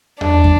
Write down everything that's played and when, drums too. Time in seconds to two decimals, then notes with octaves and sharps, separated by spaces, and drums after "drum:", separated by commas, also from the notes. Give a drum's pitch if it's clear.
0.21 D4, drum: tom E2
0.44 drum: kick